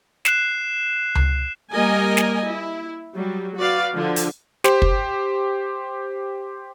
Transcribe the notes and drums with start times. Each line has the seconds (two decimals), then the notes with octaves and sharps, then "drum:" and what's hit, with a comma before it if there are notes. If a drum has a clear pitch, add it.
0.25 F#6 C7 E7, drum: snare
1.15 drum: tom C#2
1.72 G3 A#3 A#4 D#5 G#5
2.17 drum: snare
2.47 E4
3.14 F#3 G3
3.57 F#4 B4 D5 F5
3.95 D3 F3
4.16 drum: hi-hat
4.64 G4 C5, drum: snare
4.82 drum: kick